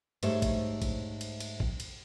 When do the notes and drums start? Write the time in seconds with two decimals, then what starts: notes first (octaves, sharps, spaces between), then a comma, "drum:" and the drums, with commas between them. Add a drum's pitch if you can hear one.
0.23 G#2 G3 A3 C5 C#5, drum: cymbal
0.42 drum: kick, cymbal
0.82 drum: kick, cymbal
1.21 drum: cymbal
1.40 drum: cymbal
1.60 drum: kick
1.80 drum: cymbal